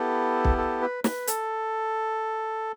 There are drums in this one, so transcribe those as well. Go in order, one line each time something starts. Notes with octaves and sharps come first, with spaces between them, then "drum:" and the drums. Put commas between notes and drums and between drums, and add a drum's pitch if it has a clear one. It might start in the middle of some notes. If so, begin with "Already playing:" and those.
Already playing: B3 E4 G4 A4
drum: kick
A4
B4
B4, drum: snare
A4, drum: hi-hat